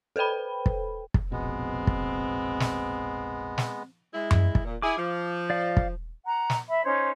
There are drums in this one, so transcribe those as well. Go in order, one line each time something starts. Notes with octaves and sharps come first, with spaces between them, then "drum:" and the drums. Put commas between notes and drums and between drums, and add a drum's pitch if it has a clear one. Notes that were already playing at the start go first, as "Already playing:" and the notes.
A4 B4 C5 G5 B5
drum: kick
drum: kick
F1 A#1 B2 G#3 B3 C4
drum: kick
drum: snare
drum: snare
G#3 E4
drum: tom F#2
drum: kick
A#2
E4 G#4 D6
F3
D5 F5
drum: kick
F#5 A#5
drum: snare
E5 B5
C#4 D#4 C5 C#5